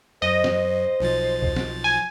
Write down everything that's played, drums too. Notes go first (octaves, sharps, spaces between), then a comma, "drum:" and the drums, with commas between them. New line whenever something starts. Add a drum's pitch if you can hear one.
F#2 C5 D#5
drum: snare
B1 F3 A6
drum: kick B1
drum: snare
G#5